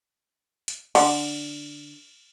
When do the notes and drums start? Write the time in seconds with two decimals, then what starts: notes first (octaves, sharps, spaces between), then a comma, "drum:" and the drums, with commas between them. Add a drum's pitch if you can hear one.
0.68 drum: hi-hat
0.95 D3, drum: cymbal